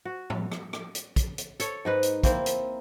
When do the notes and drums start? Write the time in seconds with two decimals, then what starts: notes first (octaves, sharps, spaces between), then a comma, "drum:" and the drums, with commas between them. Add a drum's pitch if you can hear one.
0.05 F#4
0.30 drum: tom A2
0.52 drum: rim click
0.73 drum: rim click
0.95 drum: hi-hat
1.16 drum: kick, hi-hat
1.38 drum: hi-hat
1.60 A4 C#5, drum: hi-hat
1.85 G#2 D#4 B4
2.03 drum: hi-hat
2.23 A#3 C4 E4, drum: kick, hi-hat
2.46 drum: hi-hat